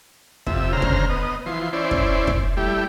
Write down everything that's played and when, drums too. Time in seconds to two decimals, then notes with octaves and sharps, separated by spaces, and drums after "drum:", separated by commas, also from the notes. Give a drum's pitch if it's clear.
0.47 F2 C3 E5, drum: kick
0.73 D2 C#3 C5 A#5 F6
0.82 drum: kick
1.09 B3 D#5
1.46 E3 F3 C6
1.73 C#4 E4 C5 D5
1.91 drum: kick
2.27 drum: kick
2.57 G3 A3 E4 G4